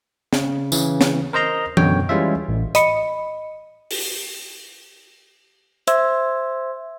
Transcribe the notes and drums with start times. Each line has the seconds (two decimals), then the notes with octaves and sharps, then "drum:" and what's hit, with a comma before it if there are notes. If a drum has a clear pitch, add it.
0.33 C#3, drum: snare
0.72 C#3 E3, drum: tambourine
1.01 drum: snare
1.33 A#4 C5 D#5 A#5 C6
1.77 F#2 B2 D3 C#5 G5, drum: tom E3
2.09 E3 G3 G#3 C#4 F4 E5
2.49 A1
2.75 D#5 B5 C#7, drum: hi-hat
3.91 drum: open hi-hat
5.88 C5 E5 C6 E6 G#6, drum: hi-hat